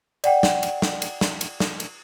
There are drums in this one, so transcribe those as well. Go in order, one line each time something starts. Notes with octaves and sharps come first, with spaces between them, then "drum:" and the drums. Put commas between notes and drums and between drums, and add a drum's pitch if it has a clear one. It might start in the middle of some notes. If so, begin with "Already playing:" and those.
D5 F#5 G5, drum: cymbal
drum: snare
drum: cymbal
drum: snare
drum: cymbal
drum: snare
drum: cymbal
drum: snare
drum: cymbal